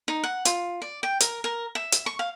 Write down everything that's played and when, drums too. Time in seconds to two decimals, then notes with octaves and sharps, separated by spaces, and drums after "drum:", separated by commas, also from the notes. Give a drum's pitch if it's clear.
0.08 D#4
0.24 F#5
0.45 F4, drum: hi-hat
0.82 D5
1.03 G5
1.20 A#4, drum: hi-hat
1.44 A#4
1.75 E5
1.92 drum: hi-hat
2.06 C#6
2.19 F5